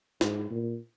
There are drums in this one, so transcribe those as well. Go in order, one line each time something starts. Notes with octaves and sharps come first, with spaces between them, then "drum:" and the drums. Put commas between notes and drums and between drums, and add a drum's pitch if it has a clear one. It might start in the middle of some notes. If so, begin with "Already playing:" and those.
G#2, drum: snare
A#2